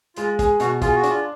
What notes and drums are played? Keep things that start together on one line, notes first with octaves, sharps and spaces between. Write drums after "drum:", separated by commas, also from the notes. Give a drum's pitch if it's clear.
G#3 F4, drum: hi-hat
G#4, drum: kick, hi-hat
B2 F#4, drum: hi-hat
F4 G#4, drum: kick, hi-hat
F#4
D4, drum: hi-hat
F4